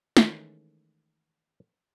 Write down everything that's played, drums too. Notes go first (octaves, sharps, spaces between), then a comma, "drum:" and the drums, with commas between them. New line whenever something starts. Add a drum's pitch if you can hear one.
D#3 E3 G#3 A3 C#4, drum: snare